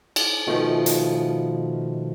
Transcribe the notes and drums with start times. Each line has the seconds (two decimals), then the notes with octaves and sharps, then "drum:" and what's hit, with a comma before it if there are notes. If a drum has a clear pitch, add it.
0.16 drum: cymbal
0.47 B2 D#3 F3 A3 F4
0.86 drum: hi-hat